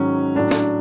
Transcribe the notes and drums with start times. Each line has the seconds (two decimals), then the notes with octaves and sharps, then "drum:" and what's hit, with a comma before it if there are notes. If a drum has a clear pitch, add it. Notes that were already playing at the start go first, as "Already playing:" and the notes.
Already playing: G#2 D#3 F#3 C#4
0.35 A2 F#3 D4
0.51 drum: snare